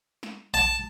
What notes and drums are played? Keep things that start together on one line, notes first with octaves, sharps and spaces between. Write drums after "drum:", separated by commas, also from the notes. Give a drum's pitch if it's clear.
drum: snare
A5, drum: kick A#1